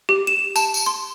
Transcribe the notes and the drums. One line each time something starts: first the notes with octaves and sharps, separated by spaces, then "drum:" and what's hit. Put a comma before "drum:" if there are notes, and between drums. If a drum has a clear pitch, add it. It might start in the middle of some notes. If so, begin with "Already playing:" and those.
G4
E7
A5, drum: tambourine
drum: tambourine
C6